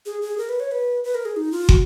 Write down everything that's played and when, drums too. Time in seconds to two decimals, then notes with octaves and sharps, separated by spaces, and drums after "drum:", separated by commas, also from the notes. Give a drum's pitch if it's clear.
0.06 G#4
0.22 G#4
0.38 A#4
0.49 B4
0.60 C#5
0.71 B4
1.04 B4
1.14 A#4
1.25 G#4
1.36 D#4
1.52 F4
1.69 F#4, drum: kick